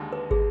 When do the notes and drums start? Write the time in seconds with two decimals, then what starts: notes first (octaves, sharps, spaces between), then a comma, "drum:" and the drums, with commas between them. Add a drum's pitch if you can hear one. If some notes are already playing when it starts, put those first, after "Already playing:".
Already playing: D#2 D3 G#3
0.12 B4
0.31 G#4, drum: kick